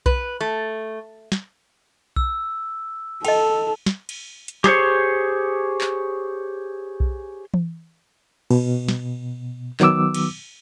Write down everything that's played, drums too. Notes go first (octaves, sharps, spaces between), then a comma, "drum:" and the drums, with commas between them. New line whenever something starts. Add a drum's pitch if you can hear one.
B4, drum: kick B1
A3
drum: snare
E6, drum: kick B1
A4 D#5 G5 F7, drum: cymbal
drum: snare
drum: cymbal
drum: hi-hat
G4 G#4 C5 C#5, drum: snare
drum: clap
drum: kick B1
drum: tom E3
B2, drum: cymbal
drum: snare
D#3 F#3 B3 D6 E6, drum: clap
drum: cymbal